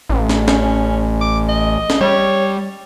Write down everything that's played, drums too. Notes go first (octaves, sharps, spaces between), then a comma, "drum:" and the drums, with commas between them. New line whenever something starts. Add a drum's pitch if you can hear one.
A1
drum: snare
C#4, drum: snare
D6
D#5
drum: snare
G3 C#5